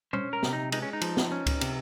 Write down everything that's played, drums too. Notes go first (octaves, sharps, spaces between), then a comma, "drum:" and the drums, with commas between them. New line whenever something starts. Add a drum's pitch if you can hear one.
C#4 C5, drum: tom
A#4
C3, drum: snare
D#4
G#3 D#4, drum: cymbal
C#4
D#4
F3, drum: cymbal
drum: snare
C#4
drum: kick C#2, cymbal
C3, drum: cymbal